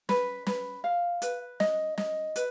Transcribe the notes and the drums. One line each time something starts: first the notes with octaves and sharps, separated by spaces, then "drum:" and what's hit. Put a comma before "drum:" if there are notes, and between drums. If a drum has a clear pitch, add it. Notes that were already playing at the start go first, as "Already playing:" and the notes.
B4, drum: snare
B4, drum: snare
F5
B4, drum: hi-hat
D#5, drum: snare
D#5, drum: snare
B4, drum: hi-hat